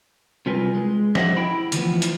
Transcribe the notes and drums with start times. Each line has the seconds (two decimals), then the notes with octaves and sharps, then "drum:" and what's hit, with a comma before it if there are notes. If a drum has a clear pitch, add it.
0.46 C3 G3 F4 A#4 B4 G#5
0.75 G#3
1.15 D#5 E5 F#5, drum: snare
1.37 E4 G5 B5
1.72 D2 E3 F3 B3, drum: hi-hat
2.02 drum: hi-hat